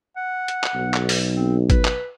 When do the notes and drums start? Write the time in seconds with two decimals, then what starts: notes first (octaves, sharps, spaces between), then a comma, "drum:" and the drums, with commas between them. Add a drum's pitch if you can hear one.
0.17 F#5
0.48 drum: hi-hat
0.64 drum: clap
0.74 B1
0.94 drum: clap
1.09 drum: open hi-hat
1.35 C4
1.70 B4, drum: kick G#1, hi-hat
1.85 drum: clap